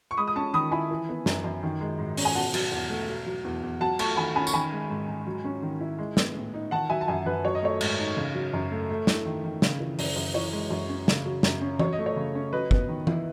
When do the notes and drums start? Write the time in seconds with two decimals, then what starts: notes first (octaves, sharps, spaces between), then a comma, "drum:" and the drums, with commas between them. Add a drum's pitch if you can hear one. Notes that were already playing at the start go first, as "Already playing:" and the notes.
0.11 C#6
0.17 G#3 B5 D#6
0.27 D#6
0.36 C#4 A5 C#6
0.53 D#3 B5 D#6
0.72 E4 G#5 B5
0.91 E3
1.09 B3
1.26 F#2, drum: snare
1.44 F#2
1.63 D#3
1.81 G#3
1.99 G#2
2.17 C#4, drum: open hi-hat
2.25 G#5
2.35 B2 F#5 A5
2.54 F#3, drum: cymbal
2.71 E2
2.90 A3
3.09 B2
3.26 F#3
3.44 E2
3.63 E2
3.80 F#3 F#5 A5
3.99 A3 A5 C#6, drum: cymbal
4.17 D#3 G#5 B5
4.35 C#4 G#5 B5
4.47 C#6, drum: tambourine
4.53 D#3 G#5 B5
4.72 G#3
4.90 G#2
5.08 G#2
5.26 F#3
5.44 C#4
5.62 D#3
5.81 E4
5.99 G#3
6.17 B3, drum: snare
6.35 A2
6.54 D#4
6.71 D#3 F#5 A5
6.89 F#3 E5 G#5
7.01 A5
7.08 F#2 E5 G#5
7.26 F#2 B4
7.45 F#3 C#5
7.55 D#5
7.62 A3 C#5
7.81 G#2, drum: cymbal
7.99 D#4
8.17 C#3
8.34 F#3
8.53 F#2
8.72 A3
8.90 A3
9.07 E4, drum: snare
9.25 D#3
9.44 D#3
9.62 C#3, drum: snare
9.80 E3
9.99 F#2, drum: open hi-hat
10.16 F#2
10.34 E3 C#5
10.53 G#3
10.70 F#2
10.89 C#4
11.08 C#3, drum: snare
11.26 F#3
11.43 F#2, drum: snare
11.61 C#4
11.79 F#3 C#5, drum: tom E3
11.93 D#5
11.99 A3
12.06 C#5
12.16 C#3
12.35 C#4
12.53 F#3 B4 D#5
12.71 B3, drum: kick
12.88 D#3
13.07 E4, drum: tom E3